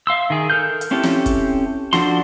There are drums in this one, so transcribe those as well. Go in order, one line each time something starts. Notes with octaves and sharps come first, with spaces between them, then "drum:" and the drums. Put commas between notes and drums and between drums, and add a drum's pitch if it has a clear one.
E5 F5 C6 E6
D#3 G#4
A4 A#4 F6 G6
drum: hi-hat
C4 C#4 E4 G4 A4
drum: snare
drum: kick, hi-hat
F3 D4 F#4 A4 C6, drum: snare